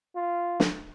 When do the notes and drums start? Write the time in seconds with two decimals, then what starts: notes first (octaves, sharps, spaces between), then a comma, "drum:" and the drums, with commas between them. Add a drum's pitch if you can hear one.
0.16 F4
0.60 drum: snare